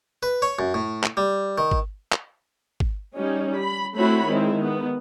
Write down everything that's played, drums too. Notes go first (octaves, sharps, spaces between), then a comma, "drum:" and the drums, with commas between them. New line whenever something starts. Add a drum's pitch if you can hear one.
B4
C#5
F#2
A2
drum: clap
G3
D#3
drum: kick
drum: clap
drum: kick
G3 C#4 D#4
B5
A3 C4 E4 F#4 C#5 B5
D#3 G#3 C4 E4
D#3 B3